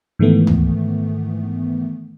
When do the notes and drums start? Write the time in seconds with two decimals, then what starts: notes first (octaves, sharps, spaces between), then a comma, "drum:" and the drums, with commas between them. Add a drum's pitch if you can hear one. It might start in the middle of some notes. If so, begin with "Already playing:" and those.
0.19 G#2 D#3 E3 A3 B3
0.47 drum: tom